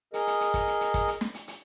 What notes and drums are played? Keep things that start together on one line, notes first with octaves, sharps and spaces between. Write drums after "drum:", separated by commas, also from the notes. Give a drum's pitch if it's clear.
G#4 A#4 D#5, drum: hi-hat
drum: hi-hat
drum: hi-hat
drum: kick, hi-hat
drum: hi-hat
drum: hi-hat
drum: kick, hi-hat
drum: hi-hat
drum: snare
drum: hi-hat
drum: hi-hat